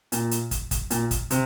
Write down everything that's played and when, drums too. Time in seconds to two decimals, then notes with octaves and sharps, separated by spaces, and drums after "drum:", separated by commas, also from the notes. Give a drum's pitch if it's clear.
0.12 A#2, drum: hi-hat
0.31 drum: hi-hat
0.51 drum: kick, hi-hat
0.71 drum: kick, hi-hat
0.90 A#2, drum: hi-hat
1.11 drum: kick, hi-hat
1.30 C3, drum: hi-hat